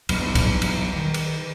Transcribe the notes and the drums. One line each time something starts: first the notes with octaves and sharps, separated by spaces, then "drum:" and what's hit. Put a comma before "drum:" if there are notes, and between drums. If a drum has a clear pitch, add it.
B1 E2 G2, drum: cymbal
drum: kick, cymbal
drum: cymbal
D#3
drum: cymbal